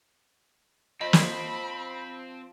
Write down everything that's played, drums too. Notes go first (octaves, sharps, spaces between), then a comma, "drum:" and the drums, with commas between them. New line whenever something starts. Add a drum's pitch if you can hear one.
F3 C4 C5 D#5 B5
drum: snare